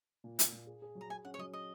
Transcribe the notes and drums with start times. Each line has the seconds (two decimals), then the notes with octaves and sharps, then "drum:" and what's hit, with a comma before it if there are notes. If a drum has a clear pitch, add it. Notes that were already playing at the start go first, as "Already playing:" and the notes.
0.24 A#2
0.39 A#2, drum: hi-hat
0.52 A#2
0.67 G#4
0.82 G#4
0.95 F#3
1.01 A#5
1.10 G#4 G#5
1.25 C#4 F#5
1.34 C#5
1.39 F#3 D#5
1.53 D#5